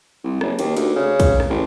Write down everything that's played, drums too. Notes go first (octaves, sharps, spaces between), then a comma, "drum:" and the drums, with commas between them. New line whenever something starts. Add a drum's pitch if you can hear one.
C2
F#1, drum: rim click
D#2, drum: cymbal
D2, drum: cymbal
C#3
drum: kick, cymbal
drum: rim click
A1